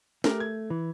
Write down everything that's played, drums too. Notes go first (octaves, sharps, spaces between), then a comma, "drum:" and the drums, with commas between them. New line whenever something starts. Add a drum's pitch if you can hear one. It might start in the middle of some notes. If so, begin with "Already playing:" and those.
A3 G4 A#4, drum: snare
G#6
E3